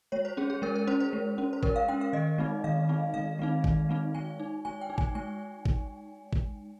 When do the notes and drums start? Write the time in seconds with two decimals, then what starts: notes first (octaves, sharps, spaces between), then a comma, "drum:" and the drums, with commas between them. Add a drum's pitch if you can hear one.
0.12 G#3 C#5
0.25 C5
0.37 C#4 G#4
0.50 G#4
0.62 G#3 A#4
0.76 A#4
0.87 C#4 C5
1.00 C5
1.13 G#3
1.38 C#4
1.53 C5
1.63 G#3 A#4, drum: kick
1.76 F5
1.88 C#4 G5
2.01 F5
2.13 D#3 D#5
2.38 G#3 C4 D#4
2.64 D#3 F5
2.89 G#3 C4 D#4
3.14 D#3 F5
3.39 G#3 C4 D#4
3.64 D#3, drum: kick
3.89 G#3 C4 D#4
4.14 G#3 G#5
4.40 D#4
4.65 G#3 G#5
4.81 G5
4.90 D#4
4.98 G#5, drum: kick
5.15 G#3 G#5
5.65 drum: kick
6.33 drum: kick